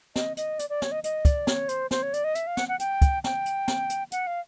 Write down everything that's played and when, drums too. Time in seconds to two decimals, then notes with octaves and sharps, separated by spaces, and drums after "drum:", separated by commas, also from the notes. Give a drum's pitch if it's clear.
0.16 D#5, drum: snare
0.37 D#5, drum: hi-hat
0.59 D5, drum: hi-hat
0.70 D5
0.82 C#5, drum: snare
0.92 D#5
1.04 D#5, drum: hi-hat
1.25 D5, drum: kick, hi-hat
1.47 C#5, drum: snare
1.69 C5, drum: hi-hat
1.91 C5, drum: snare
2.03 C#5
2.14 D5, drum: hi-hat
2.24 D#5
2.35 E5, drum: hi-hat
2.47 F5
2.57 F#5, drum: snare
2.68 F#5
2.79 G5, drum: hi-hat
3.02 drum: kick, hi-hat
3.24 G5, drum: snare
3.46 drum: hi-hat
3.68 drum: snare
3.90 drum: hi-hat
4.12 F#5, drum: hi-hat
4.27 F5